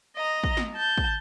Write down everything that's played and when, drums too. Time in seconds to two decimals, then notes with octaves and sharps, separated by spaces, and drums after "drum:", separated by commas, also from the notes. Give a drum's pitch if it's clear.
0.17 D#5 A#5
0.44 drum: kick
0.57 drum: snare
0.75 A5 G6
0.98 drum: kick